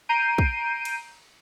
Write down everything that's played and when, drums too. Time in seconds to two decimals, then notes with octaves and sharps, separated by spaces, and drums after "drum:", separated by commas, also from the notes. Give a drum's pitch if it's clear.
0.09 A#5 G6 C7 D7 D#7
0.38 drum: kick
0.85 drum: cymbal